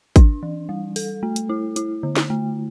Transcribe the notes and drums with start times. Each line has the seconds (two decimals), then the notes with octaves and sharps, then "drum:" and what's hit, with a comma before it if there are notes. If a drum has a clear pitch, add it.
0.16 D4, drum: kick G#1, hi-hat
0.43 E3
0.69 G3
0.96 A4, drum: open hi-hat
1.23 A3
1.36 drum: hi-hat
1.49 E4
1.76 E4, drum: hi-hat
2.03 D3
2.16 drum: snare
2.30 A3